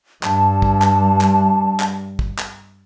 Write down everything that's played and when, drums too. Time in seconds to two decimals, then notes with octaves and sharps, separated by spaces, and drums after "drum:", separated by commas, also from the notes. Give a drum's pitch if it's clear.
0.23 G2 A5, drum: clap
0.62 drum: kick
0.82 drum: clap
1.21 drum: clap
1.80 drum: clap
2.19 drum: kick
2.39 drum: clap